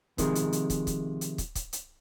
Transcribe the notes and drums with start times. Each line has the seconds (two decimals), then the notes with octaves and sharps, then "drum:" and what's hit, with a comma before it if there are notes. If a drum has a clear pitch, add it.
0.18 C3 D#3 F3 G#3, drum: kick, hi-hat
0.35 drum: hi-hat
0.53 drum: hi-hat
0.70 drum: kick, hi-hat
0.87 drum: kick, hi-hat
1.21 drum: hi-hat
1.38 drum: kick, hi-hat
1.55 drum: kick, hi-hat
1.73 drum: hi-hat